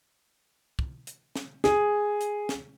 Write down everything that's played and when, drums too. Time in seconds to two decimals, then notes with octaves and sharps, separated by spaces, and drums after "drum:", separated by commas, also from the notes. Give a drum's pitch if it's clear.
0.79 drum: kick
1.07 drum: hi-hat
1.36 drum: snare
1.64 G#4, drum: snare
2.21 drum: hi-hat
2.49 drum: snare